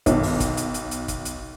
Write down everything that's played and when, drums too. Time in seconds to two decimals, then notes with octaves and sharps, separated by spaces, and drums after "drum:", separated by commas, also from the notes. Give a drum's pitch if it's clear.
0.06 B1 D#3, drum: kick G1, hi-hat
0.23 drum: open hi-hat
0.40 drum: kick G1, hi-hat
0.57 drum: hi-hat
0.74 drum: hi-hat
0.91 drum: hi-hat
1.08 drum: kick G1, hi-hat
1.25 drum: hi-hat